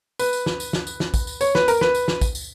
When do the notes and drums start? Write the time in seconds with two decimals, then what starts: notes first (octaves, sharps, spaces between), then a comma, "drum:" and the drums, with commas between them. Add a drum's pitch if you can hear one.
0.19 B4, drum: tambourine
0.33 drum: tambourine
0.46 drum: snare
0.60 drum: tambourine
0.73 drum: snare
0.87 drum: tambourine
1.00 drum: snare
1.14 drum: kick, tambourine
1.27 drum: tambourine
1.41 C#5, drum: tambourine
1.55 B4, drum: snare
1.68 A#4, drum: tambourine
1.81 B4, drum: snare
1.94 drum: tambourine
2.08 drum: snare
2.21 drum: kick, tambourine
2.35 drum: tambourine